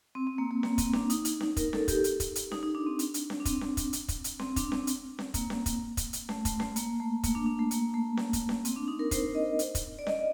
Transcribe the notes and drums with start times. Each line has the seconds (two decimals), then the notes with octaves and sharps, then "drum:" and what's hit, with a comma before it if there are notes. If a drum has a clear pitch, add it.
0.15 C4
0.27 C4
0.38 A#3
0.51 A#3
0.63 A#3, drum: snare C#4
0.78 C4, drum: kick, hi-hat
0.93 D4, drum: snare C#4
1.10 D#4, drum: hi-hat
1.25 D#4, drum: hi-hat
1.41 D#4, drum: snare C#4
1.57 A#4, drum: kick, hi-hat
1.73 A4, drum: snare C#4
1.88 G4, drum: kick, hi-hat
2.04 drum: hi-hat
2.20 drum: kick, hi-hat
2.35 drum: hi-hat
2.52 D#4, drum: snare C#4
2.63 D#4
2.75 D4
2.86 C4
2.99 D4, drum: hi-hat
3.14 drum: hi-hat
3.30 drum: snare C#4
3.40 D4
3.45 C4, drum: kick, hi-hat
3.61 drum: snare C#4
3.77 drum: kick, hi-hat
3.93 drum: hi-hat
4.08 drum: kick, hi-hat
4.24 drum: hi-hat
4.39 C4, drum: snare C#4
4.56 D4, drum: kick, hi-hat
4.72 C4, drum: snare C#4
4.87 drum: hi-hat
5.19 drum: snare C#4
5.34 A#3, drum: kick, hi-hat
5.50 drum: snare C#4
5.66 drum: kick, hi-hat
5.97 drum: kick, hi-hat
6.13 drum: hi-hat
6.29 A3, drum: snare C#4
6.45 A3, drum: kick, hi-hat
6.60 A3, drum: snare C#4
6.76 A#3, drum: hi-hat
7.00 A3
7.23 A#3, drum: kick, hi-hat
7.35 D4
7.46 D4
7.59 A3
7.71 A#3, drum: hi-hat
7.94 A3
8.17 drum: snare C#4
8.33 drum: kick, hi-hat
8.49 drum: snare C#4
8.65 C4, drum: hi-hat
8.76 D4
8.88 D#4
8.99 A#4
9.11 C5, drum: kick, hi-hat
9.35 D#5
9.59 drum: hi-hat
9.75 drum: kick, hi-hat
9.99 D5
10.07 D#5, drum: snare C#4